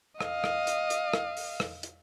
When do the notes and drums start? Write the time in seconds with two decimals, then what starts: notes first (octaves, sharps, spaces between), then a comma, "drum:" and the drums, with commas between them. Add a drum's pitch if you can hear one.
0.21 D#5 F5, drum: rim click
0.44 drum: rim click
0.67 drum: hi-hat
0.90 drum: hi-hat
1.13 drum: rim click
1.37 drum: open hi-hat
1.60 drum: rim click
1.83 drum: hi-hat